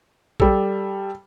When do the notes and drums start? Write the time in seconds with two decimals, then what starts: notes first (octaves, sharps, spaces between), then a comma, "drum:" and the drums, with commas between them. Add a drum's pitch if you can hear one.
0.40 G3 A4, drum: kick